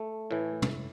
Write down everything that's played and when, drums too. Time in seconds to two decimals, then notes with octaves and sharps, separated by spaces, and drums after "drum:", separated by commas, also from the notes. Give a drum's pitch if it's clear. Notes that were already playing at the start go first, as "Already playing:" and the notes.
Already playing: A3
0.31 A2 E3
0.62 drum: tom